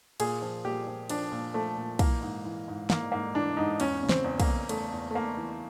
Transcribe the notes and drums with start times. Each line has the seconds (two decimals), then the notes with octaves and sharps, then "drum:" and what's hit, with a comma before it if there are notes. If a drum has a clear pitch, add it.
0.20 A#2 G#4, drum: cymbal
0.42 F3
0.64 A#2 G4
0.87 F3
1.09 F3 D4, drum: cymbal
1.32 A#2
1.54 F3 A3
1.77 A#2
1.99 E3 A#3, drum: kick, cymbal
2.22 G#2
2.45 E3
2.68 G#2
2.90 G#2 A#3, drum: snare
3.12 G#2 A#3
3.35 E3 D4
3.57 G#2 D#4
3.80 E2 C#4, drum: cymbal
4.03 C#3
4.09 C4, drum: snare
4.24 E2
4.40 A#3, drum: kick, cymbal
4.47 E2
4.69 E2 A3, drum: cymbal
4.92 E2
5.11 A3
5.15 E2 A#3
5.37 E3